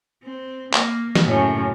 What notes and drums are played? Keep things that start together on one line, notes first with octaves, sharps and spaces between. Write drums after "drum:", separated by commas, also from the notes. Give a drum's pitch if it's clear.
C4
A#3, drum: clap
drum: snare
F#2 A2 C#3